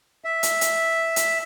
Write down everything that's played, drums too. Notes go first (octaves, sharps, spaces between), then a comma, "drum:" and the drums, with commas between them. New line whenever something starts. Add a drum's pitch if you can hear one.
E5
drum: hi-hat
drum: hi-hat
drum: hi-hat